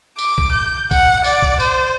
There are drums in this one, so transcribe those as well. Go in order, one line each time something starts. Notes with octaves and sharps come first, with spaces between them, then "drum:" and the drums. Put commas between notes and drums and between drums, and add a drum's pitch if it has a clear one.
D6, drum: tambourine
drum: kick B1
G6
F#5, drum: kick B1, tambourine
D5, drum: tambourine
drum: kick B1
C5, drum: tambourine